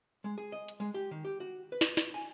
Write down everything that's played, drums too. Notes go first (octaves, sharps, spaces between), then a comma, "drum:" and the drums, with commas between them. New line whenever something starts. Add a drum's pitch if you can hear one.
G#3
G#4
D#5
drum: hi-hat
G#3
G4
D#3
G4
F#4
B4
drum: snare
drum: snare
G#5